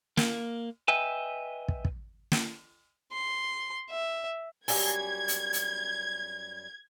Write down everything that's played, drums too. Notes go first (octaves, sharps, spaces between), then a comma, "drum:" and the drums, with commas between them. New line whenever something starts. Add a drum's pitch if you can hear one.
A#3, drum: snare
B4 D#5 E5 G5 G#5
drum: kick
drum: kick
drum: snare
C6
E5
F#2 G3 G#5 G#6, drum: open hi-hat
drum: hi-hat
drum: hi-hat